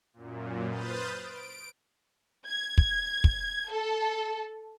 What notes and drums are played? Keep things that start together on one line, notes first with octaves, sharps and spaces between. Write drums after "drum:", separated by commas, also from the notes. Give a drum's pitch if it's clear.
F#2 A#2
B4 C5 D#6 F6 G6 A6
D7
G#6
drum: kick
drum: kick
A4